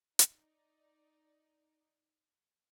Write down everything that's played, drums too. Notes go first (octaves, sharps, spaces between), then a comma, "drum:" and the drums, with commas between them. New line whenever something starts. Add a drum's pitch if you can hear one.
D#4 D5, drum: hi-hat